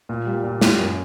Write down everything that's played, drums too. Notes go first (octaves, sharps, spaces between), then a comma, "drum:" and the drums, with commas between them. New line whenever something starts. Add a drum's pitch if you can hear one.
A#2
G3 A#3
A#2
G3 A#3, drum: snare
F#2